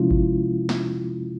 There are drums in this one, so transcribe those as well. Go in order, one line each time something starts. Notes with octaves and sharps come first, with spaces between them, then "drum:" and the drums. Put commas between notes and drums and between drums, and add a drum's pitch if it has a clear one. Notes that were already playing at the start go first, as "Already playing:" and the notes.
Already playing: C3 F3 G#3 C#4 E4 F4
drum: kick G#1
drum: snare